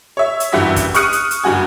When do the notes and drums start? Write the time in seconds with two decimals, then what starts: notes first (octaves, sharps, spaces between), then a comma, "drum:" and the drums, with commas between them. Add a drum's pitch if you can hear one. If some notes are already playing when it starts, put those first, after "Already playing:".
0.17 C#5 E5
0.40 drum: hi-hat
0.53 F#1 G2 E3 F#4 E5 B6
0.76 drum: kick, hi-hat
0.94 C#6 D#6 F6 F#6 C#7 D#7, drum: hi-hat
1.13 drum: hi-hat
1.31 drum: hi-hat
1.44 F#1 G2 F#4 G#5